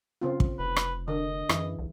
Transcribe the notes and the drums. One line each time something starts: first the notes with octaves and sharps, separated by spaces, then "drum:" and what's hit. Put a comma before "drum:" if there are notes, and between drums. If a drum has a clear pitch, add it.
C#3 C4 F4
drum: kick
F1 B4
drum: rim click
D3 A#4 D#5
F#2 E3 E4 G#4, drum: rim click
C2